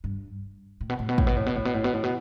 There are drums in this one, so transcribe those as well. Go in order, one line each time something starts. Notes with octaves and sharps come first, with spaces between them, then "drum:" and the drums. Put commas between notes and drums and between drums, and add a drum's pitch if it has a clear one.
G2
A2
B2
A2
B2
A2, drum: kick
B2
A2
B2
A2
B2
A2
B2
A2
B2